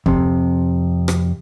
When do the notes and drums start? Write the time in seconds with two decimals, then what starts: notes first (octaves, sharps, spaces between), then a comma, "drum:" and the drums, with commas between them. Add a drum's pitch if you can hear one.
0.06 F2 C3, drum: kick
1.08 drum: rim click